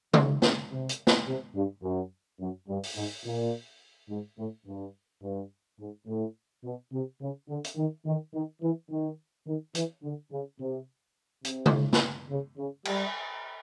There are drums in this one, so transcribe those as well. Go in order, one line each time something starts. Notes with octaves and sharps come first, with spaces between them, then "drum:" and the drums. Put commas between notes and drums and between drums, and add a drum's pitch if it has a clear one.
C#3, drum: tom C#3
C#3, drum: snare
C3
drum: hi-hat
drum: snare
C3
G2
F#2
F#2
G2
drum: open hi-hat
G#2
A#2
G#2
A2
G2
G2
G#2
A2
B2
C3
C#3
D3
drum: hi-hat
D#3
D#3
D#3
E3
D#3
D#3
E3, drum: hi-hat
D3
C#3
C3
C3, drum: hi-hat
drum: tom C#3
drum: snare
C#3
C#3
G3, drum: cymbal